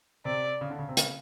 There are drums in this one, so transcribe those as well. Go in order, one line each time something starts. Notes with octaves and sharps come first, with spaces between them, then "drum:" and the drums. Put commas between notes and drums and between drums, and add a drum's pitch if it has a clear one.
C3 D5
C#3
D3
C#3
C3
C#3, drum: hi-hat